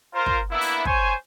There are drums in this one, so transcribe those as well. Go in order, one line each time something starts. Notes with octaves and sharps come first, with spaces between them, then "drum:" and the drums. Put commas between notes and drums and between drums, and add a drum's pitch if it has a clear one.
F4 A#4 C5
drum: kick
A#3 B3 D4 E4
drum: open hi-hat
C5 C#5 G#5, drum: kick